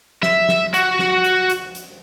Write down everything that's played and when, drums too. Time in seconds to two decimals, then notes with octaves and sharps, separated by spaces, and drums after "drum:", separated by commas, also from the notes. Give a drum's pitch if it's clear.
0.23 E5, drum: snare
0.49 drum: snare
0.74 F#4, drum: hi-hat
0.99 drum: snare
1.24 drum: hi-hat
1.50 drum: hi-hat
1.75 drum: hi-hat